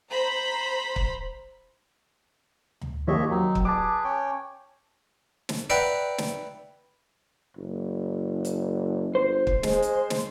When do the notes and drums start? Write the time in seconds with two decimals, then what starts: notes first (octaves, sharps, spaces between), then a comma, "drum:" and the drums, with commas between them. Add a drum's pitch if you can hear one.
0.12 C5 A#5 B5
0.96 drum: kick
2.81 drum: tom D2
3.07 D#2 G4 C#5 D#5 E5
3.31 F#3 C4 D#4
3.55 drum: kick
3.65 G#4 B4 A5 D6
4.04 C#4 C#5 G5
5.49 drum: snare
5.70 B4 D5 E5 F#5 G5 A#5
6.18 drum: snare
7.57 F#1
8.45 drum: hi-hat
9.15 G1 C5
9.47 drum: kick
9.63 G#3, drum: snare
9.82 drum: hi-hat
10.10 drum: snare